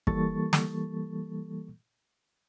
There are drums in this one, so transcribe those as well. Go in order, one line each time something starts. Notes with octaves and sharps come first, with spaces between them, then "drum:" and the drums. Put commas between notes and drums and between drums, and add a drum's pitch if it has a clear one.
E3 G3 A#3 A4 C#6 A6, drum: kick
drum: snare